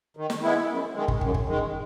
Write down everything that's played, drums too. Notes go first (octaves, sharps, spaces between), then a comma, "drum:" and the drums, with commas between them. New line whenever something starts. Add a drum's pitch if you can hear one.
D#3
drum: snare
G#3 B3 E4
F#2
D#3 G#3
drum: kick
F#2, drum: kick
drum: kick
D#3 G#3